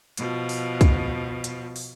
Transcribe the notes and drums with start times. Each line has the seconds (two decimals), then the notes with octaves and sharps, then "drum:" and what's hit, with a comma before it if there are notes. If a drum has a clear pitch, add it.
0.17 B2 F3, drum: hi-hat
0.49 drum: open hi-hat
0.81 drum: kick, hi-hat
1.44 drum: hi-hat
1.76 drum: open hi-hat